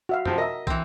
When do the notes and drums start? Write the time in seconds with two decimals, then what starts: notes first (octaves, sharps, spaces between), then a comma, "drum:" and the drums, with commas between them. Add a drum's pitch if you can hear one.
0.09 F#4 E5 F5
0.25 C3 F3 C4, drum: tom
0.38 A#4 D#5 E5
0.67 E3 C4, drum: kick